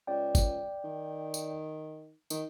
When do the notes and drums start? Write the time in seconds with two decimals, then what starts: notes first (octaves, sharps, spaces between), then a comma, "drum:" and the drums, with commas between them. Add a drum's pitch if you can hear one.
0.07 C#2 D5 G5
0.35 drum: kick, tambourine
0.84 D#3
1.34 drum: tambourine
2.30 D#3, drum: tambourine